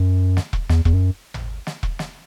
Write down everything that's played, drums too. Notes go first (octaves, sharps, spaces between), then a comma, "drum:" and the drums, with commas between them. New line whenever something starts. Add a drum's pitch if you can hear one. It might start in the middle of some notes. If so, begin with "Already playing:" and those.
Already playing: F#2
drum: snare
drum: kick E1
E2, drum: snare
E2, drum: kick E1
F#2
drum: tom G#1
drum: snare
drum: kick E1
drum: snare